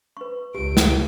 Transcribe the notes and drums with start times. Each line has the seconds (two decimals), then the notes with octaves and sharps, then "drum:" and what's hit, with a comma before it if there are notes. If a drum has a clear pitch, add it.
0.17 B4 C#6
0.55 C#2 G4 D7
0.77 drum: snare